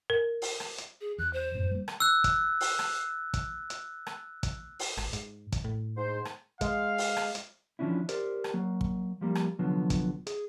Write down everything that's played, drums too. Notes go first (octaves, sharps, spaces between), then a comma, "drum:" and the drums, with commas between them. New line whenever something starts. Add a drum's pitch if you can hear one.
A#4
drum: open hi-hat
drum: rim click
drum: hi-hat
G#4
E2 F#6
C5
E1 F#2 A2
G3 A#3
drum: rim click
E6 F#6
drum: kick, hi-hat
drum: open hi-hat
drum: rim click
drum: kick, hi-hat
drum: hi-hat
drum: rim click
drum: kick, hi-hat
drum: open hi-hat
G#1, drum: rim click
G#2, drum: hi-hat
drum: kick, hi-hat
A2
G#2 C5
drum: rim click
G#3 F5, drum: kick, hi-hat
drum: open hi-hat
drum: rim click
drum: hi-hat
E3 F3 G3 C#4 D4 E4
G4 A#4 C5 D5, drum: hi-hat
drum: rim click
F#3 A#3
drum: kick
F3 G3 A#3
drum: rim click
C2 D3 F3 F#3 B3
drum: kick, hi-hat
G#4, drum: hi-hat